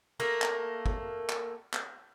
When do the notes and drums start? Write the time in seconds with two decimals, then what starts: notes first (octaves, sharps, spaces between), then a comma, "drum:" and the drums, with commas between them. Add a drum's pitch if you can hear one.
0.20 A3 A#3 A#4
0.42 drum: clap
0.86 drum: kick
1.30 drum: clap
1.74 drum: clap